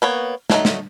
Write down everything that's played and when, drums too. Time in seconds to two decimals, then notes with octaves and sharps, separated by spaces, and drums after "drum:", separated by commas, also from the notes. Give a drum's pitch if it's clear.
0.02 A#3 B3 C#5
0.50 F#3 A3 D#4, drum: snare
0.65 drum: snare